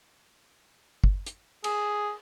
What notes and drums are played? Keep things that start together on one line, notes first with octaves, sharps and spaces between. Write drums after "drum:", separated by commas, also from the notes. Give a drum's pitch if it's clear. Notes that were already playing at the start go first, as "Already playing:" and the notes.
drum: kick
drum: hi-hat
G#4, drum: cymbal